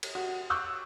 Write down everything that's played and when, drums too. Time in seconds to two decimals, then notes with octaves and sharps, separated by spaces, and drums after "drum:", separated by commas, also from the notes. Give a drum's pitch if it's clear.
0.03 drum: cymbal
0.15 F#4
0.50 C#6 D6 E6 F#6 G6